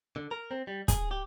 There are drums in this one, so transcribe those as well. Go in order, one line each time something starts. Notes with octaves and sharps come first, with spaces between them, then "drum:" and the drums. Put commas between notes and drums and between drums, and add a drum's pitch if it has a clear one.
D3
A#4
C4
G3
G#4, drum: kick, hi-hat
G4